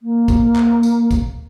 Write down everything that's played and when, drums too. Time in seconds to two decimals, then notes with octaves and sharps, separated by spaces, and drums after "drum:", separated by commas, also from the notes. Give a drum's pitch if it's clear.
0.01 A#3
0.28 drum: kick, tambourine
0.56 drum: clap
0.83 drum: tambourine
1.11 drum: kick, tambourine